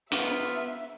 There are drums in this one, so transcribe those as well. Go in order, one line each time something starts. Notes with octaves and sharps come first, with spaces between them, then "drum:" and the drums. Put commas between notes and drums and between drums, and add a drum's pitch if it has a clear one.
B3 F4 E5, drum: hi-hat